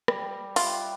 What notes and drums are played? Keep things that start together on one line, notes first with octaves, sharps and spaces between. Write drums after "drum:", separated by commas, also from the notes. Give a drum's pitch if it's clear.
G3, drum: rim click
F4 G4 B4 E5, drum: open hi-hat